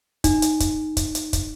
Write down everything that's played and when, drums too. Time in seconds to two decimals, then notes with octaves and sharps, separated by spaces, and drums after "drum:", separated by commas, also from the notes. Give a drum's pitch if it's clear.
0.24 D#4, drum: kick, hi-hat
0.42 drum: hi-hat
0.60 drum: kick, hi-hat
0.97 drum: kick, hi-hat
1.15 drum: hi-hat
1.33 drum: kick, hi-hat